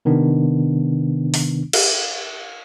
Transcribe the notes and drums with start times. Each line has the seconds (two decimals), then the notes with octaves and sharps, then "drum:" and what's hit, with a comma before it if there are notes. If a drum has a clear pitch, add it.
0.05 C3 D#3 B3 D4
1.34 drum: open hi-hat
1.73 drum: cymbal